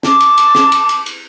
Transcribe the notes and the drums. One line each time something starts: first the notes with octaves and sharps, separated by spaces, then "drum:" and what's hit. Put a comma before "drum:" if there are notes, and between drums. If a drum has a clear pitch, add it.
A5 D6, drum: snare
drum: cymbal
drum: cymbal
drum: snare
drum: cymbal
drum: cymbal
drum: cymbal